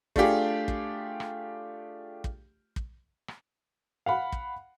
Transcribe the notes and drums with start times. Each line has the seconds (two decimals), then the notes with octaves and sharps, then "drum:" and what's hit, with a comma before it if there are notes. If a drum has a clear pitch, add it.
0.16 A3 D4 F4 G4 G#4, drum: kick
0.68 drum: kick
1.20 drum: rim click
2.24 drum: kick
2.76 drum: kick
3.28 drum: rim click
4.06 F5 F#5 B5
4.32 drum: kick